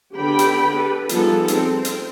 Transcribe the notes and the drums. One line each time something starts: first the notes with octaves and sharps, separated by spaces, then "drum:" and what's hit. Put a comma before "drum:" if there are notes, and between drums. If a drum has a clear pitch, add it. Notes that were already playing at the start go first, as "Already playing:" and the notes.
D3 B3 G4 G5 B5
drum: hi-hat
G4 A4 B4
F3 G3 B3 D#4 G#4 A4, drum: hi-hat
C4, drum: hi-hat
drum: hi-hat